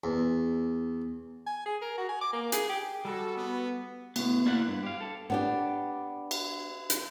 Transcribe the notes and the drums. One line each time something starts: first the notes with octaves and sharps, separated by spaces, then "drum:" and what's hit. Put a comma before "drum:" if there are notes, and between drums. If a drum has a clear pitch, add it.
E2
G#5
G#4
A#4
F#4
G#5
D6
A#3
G#4, drum: hi-hat
G4
G3 F#4 A4
B3
A2 B3, drum: cymbal
A#3 E4 D5 E5 F#5
G2
G4 F5
A4 A5
B3 D4 G4
drum: cymbal
drum: hi-hat